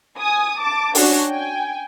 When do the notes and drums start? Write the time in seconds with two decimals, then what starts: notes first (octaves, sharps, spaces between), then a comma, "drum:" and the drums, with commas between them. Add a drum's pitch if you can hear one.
0.18 G#5 D#6
0.58 A5 D6 A6
0.95 C#4 D4 F#4 C#5, drum: open hi-hat
1.27 G5 G#5